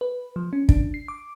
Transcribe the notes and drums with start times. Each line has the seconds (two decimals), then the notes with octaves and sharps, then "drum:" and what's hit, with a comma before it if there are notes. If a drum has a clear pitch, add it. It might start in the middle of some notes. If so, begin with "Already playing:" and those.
0.01 B4
0.36 F3
0.53 C#4
0.69 D4, drum: kick
0.94 C7
1.08 D6